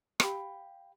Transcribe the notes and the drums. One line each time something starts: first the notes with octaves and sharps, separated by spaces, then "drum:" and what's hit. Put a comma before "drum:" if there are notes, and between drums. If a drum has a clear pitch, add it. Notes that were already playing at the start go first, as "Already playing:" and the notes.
G4 F5 B5, drum: rim click